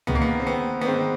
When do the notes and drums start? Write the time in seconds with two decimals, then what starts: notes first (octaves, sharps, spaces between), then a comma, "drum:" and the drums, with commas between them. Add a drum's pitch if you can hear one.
0.07 G#2 D#3 B3, drum: tom C#2
0.15 A#3
0.22 B3
0.40 C4
0.47 B3
0.81 B3
0.85 G#2 D#3 C4